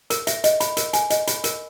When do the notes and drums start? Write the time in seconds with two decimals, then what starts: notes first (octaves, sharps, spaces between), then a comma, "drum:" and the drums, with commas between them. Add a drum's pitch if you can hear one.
0.10 A#4, drum: hi-hat
0.27 E5, drum: hi-hat
0.44 D#5, drum: hi-hat
0.60 B5, drum: hi-hat
0.77 A#4, drum: hi-hat
0.93 G#5, drum: hi-hat
1.10 D#5, drum: hi-hat
1.27 B5, drum: hi-hat
1.44 A#4, drum: hi-hat